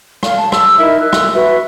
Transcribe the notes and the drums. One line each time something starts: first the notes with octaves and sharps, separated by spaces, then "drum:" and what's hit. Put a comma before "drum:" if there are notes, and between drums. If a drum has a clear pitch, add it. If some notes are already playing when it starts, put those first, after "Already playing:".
F5, drum: rim click
A5
E6, drum: rim click
D#4 E4 A#4 E5
E6 F#6
drum: rim click
F#4 B4 E5